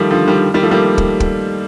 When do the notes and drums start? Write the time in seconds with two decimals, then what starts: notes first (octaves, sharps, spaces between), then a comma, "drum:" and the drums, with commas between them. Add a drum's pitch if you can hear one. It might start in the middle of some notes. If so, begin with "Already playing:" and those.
Already playing: D#3 F3 G3 A3
0.11 D3 F3
0.28 D#3 G3
0.54 D#3 G3
0.63 F3 A3
0.71 G3 A#3
0.98 drum: kick
1.20 drum: kick